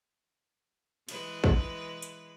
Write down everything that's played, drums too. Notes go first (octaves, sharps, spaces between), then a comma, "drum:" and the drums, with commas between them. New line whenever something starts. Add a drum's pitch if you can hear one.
E3 G#3 B4, drum: cymbal
drum: kick
drum: hi-hat